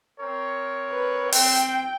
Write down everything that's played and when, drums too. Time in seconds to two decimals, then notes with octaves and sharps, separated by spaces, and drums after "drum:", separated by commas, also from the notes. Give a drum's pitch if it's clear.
0.20 C4 A#4 C#5
0.91 B4
1.32 C4 G5, drum: open hi-hat